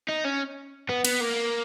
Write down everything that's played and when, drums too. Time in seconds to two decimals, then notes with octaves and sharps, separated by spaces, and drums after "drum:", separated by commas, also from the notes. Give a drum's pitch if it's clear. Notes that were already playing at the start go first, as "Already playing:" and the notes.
0.09 D#4
0.25 C#4
0.89 B3
1.05 B3, drum: cymbal
1.21 A#3